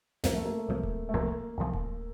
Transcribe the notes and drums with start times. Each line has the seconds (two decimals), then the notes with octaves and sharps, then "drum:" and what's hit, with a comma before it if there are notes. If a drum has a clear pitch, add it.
0.24 C2 C3 F3 A#3, drum: snare
0.34 A3
0.45 A#3
0.68 C2 C3 F3
0.83 drum: kick D1
1.09 A3
1.14 C2 C3 F3 A#3
1.58 C2 C3 F3
1.73 drum: kick D1